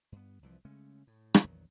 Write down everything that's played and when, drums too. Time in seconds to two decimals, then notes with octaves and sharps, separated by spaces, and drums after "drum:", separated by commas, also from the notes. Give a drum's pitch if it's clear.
0.12 G2 B3
0.42 C2 E3 F3
0.65 C#3 G#3 A3 C#4
1.07 A2
1.34 drum: rim click
1.44 A#1 E2 D#3 F#3